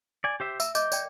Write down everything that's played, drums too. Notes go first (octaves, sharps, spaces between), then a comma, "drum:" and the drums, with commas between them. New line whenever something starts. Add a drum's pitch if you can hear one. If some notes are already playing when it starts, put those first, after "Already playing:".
D5 G#5
G4 C5 E5
E5 E6, drum: tambourine
A#4 D#5 D6 G6, drum: tambourine
D5 G5, drum: tambourine